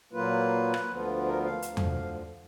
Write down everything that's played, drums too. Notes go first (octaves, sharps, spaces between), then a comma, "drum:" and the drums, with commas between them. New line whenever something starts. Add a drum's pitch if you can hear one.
A#2 F#3 A#3 F4 B4
drum: rim click
D2 D3 F3 B3 F4
A#4
F5
D2 D3 F3, drum: hi-hat
drum: tom E2